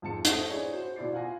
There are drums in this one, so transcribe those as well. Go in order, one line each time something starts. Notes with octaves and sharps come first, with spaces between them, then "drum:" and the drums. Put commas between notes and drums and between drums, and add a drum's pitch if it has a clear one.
F2 G#2 A5 C#7
A4 C5 D#5 E5 F#5, drum: hi-hat
D4 E4 G#4 C5 C#5
F#4 C5
B2 E4 D5 C7
F4 F#5 G#5 A#6